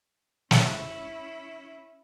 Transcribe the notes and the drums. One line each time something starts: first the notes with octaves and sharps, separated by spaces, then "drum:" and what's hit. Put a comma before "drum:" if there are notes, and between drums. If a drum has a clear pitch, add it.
C#4 E4, drum: snare